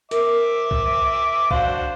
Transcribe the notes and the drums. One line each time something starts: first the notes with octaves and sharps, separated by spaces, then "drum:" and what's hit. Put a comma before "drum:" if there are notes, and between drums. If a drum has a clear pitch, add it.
A#4 E5 D6, drum: hi-hat
drum: kick C2
D4 F#4 C5 F5, drum: kick C2